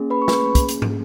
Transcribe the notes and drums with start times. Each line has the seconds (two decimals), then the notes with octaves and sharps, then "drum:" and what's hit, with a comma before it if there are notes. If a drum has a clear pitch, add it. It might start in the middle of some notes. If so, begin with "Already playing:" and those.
Already playing: A#3 C#4 G#4
0.10 B4 B5
0.22 C#6
0.28 B4 B5, drum: snare
0.55 drum: kick, hi-hat
0.69 drum: hi-hat
0.82 drum: tom